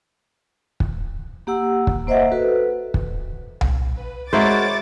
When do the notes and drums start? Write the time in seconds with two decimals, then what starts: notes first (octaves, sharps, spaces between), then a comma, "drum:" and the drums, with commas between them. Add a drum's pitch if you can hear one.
0.80 drum: kick
1.47 A#3 G4 F#5 E6
1.87 drum: kick
2.07 A#3 C5 D#5 E5 F#5
2.32 F#4 A4 B4
2.94 drum: kick
3.61 drum: tom C2
3.97 B4
4.33 G#3 E4 F#4 A#4 C5 C#5 D6 A6